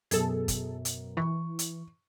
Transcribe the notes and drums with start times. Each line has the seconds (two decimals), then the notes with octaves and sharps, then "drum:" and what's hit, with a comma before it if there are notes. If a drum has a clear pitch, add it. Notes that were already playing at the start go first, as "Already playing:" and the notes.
0.11 F#2 B2 G#4 A4, drum: hi-hat
0.48 drum: kick, hi-hat
0.85 drum: hi-hat
1.17 E3 C#6
1.59 drum: hi-hat